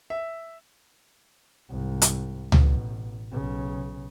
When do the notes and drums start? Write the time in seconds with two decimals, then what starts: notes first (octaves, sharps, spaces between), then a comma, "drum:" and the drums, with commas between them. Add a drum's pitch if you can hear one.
0.10 E5
1.69 C2 G#2
2.02 drum: hi-hat
2.52 A1 B2, drum: tom C#2
3.32 B1 C#3